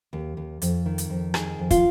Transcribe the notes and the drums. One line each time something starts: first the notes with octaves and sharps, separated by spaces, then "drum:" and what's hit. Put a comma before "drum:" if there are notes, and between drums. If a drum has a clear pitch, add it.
D#2
D#2
F2, drum: hi-hat
D#3
drum: hi-hat
F2
D#3 G#4, drum: rim click
F2
F4, drum: kick, hi-hat